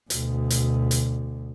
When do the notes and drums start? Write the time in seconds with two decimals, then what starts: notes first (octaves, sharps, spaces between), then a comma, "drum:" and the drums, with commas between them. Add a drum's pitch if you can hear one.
0.10 D2 B2, drum: hi-hat
0.50 drum: hi-hat
0.91 drum: hi-hat